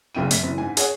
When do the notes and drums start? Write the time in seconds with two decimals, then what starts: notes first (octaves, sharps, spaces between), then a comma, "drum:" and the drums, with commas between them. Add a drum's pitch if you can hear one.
0.15 F#1 B1 C#3 G5 D#7
0.31 F#2 B6, drum: hi-hat
0.43 F#1 E3
0.58 G#2 G#5
0.77 G#4 C#5 F#5, drum: hi-hat